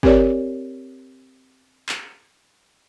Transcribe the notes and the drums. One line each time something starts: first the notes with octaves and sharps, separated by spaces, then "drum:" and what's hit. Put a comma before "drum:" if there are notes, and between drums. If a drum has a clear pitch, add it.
C4 G4 A#4 C#5 D5, drum: kick
drum: clap